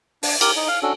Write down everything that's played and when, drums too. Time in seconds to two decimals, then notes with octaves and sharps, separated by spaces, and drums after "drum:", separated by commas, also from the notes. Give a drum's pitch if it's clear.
0.23 D4, drum: open hi-hat
0.41 G4 A#4, drum: cymbal
0.56 D#4
0.68 F5
0.83 C#4 D4 F#4 A4